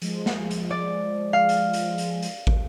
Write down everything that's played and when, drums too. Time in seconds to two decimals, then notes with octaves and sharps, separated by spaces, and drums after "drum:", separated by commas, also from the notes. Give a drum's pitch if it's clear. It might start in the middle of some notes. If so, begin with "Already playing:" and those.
0.02 F3 G#3, drum: hi-hat
0.26 drum: snare
0.51 drum: hi-hat
0.71 D5
1.33 F5
1.49 drum: hi-hat
1.73 drum: hi-hat
1.98 drum: hi-hat
2.22 drum: hi-hat
2.47 drum: kick